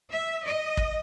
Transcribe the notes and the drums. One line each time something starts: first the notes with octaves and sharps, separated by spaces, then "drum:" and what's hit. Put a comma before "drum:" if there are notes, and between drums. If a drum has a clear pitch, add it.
E5
D#5
drum: kick